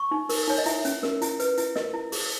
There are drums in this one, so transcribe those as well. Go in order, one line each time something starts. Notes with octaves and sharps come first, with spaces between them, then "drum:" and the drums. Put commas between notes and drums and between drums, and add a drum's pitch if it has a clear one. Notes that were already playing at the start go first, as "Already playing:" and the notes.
Already playing: C#6
D#4
A#4, drum: open hi-hat
D#4 C#5
D#5
E4 E5, drum: hi-hat
C#4, drum: hi-hat
A#4, drum: snare
E4, drum: hi-hat
B4, drum: hi-hat
E4, drum: hi-hat
A#4 D#5, drum: snare
E4
G#4, drum: open hi-hat